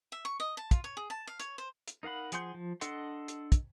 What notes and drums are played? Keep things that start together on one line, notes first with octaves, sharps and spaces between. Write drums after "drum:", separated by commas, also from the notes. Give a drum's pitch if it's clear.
E5
C#6
D#5
A5
F4, drum: kick, hi-hat
C#5
G#4
A5
F5
C#5, drum: hi-hat
C5
drum: hi-hat
D#4 A#4 F5 F#5 B5
F3 G#4 F#5 C6 G6, drum: hi-hat
F3
D4 A4 D#5 F#5 C6, drum: hi-hat
drum: hi-hat
drum: kick, hi-hat